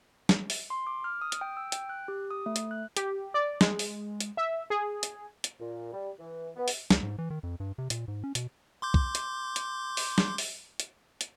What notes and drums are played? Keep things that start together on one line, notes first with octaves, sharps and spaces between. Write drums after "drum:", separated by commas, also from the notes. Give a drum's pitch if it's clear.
drum: snare
drum: open hi-hat
C6
D6
F6
D#6
drum: hi-hat
G5
E6
G5, drum: hi-hat
F#6
G4
D#6
A3
drum: hi-hat
F#6
G4, drum: hi-hat
D5
G#3, drum: snare
drum: open hi-hat
drum: hi-hat
E5
G#4
drum: hi-hat
drum: hi-hat
A#2
G3
E3
B3
drum: open hi-hat
C#2, drum: snare
G#2
E3
D#3
F2
G2
C3
A#2, drum: hi-hat
G#2
C#4
B2, drum: hi-hat
C6 D6 G6
drum: kick
drum: hi-hat
drum: hi-hat
drum: open hi-hat
drum: snare
drum: open hi-hat
drum: hi-hat
drum: hi-hat